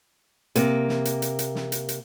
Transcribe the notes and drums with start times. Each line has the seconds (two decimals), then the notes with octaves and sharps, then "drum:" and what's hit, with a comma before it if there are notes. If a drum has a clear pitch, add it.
0.55 C3 A#3, drum: hi-hat
0.89 drum: snare
1.05 drum: hi-hat
1.22 drum: hi-hat
1.39 drum: hi-hat
1.55 drum: snare
1.72 drum: hi-hat
1.89 drum: hi-hat